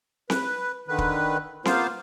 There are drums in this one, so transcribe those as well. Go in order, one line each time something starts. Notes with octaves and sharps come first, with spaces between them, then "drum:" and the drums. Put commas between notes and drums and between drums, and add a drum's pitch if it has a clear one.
B4, drum: snare C4
D3 D#3 B4
drum: kick
A#3 B3 F4 C5 F5, drum: snare C4